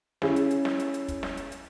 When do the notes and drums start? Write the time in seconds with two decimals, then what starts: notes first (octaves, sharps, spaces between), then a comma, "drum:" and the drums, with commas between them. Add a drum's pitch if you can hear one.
0.22 C#4 E4 G#4, drum: snare
0.36 drum: hi-hat
0.51 drum: hi-hat
0.65 drum: snare
0.79 drum: hi-hat
0.94 drum: hi-hat
1.08 drum: kick, hi-hat
1.23 drum: snare
1.37 drum: hi-hat
1.52 drum: hi-hat